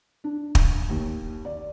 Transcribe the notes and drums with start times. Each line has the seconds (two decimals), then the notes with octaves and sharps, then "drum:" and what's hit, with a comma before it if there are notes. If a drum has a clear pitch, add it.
0.24 D4
0.55 drum: kick
0.90 D#2
1.45 D5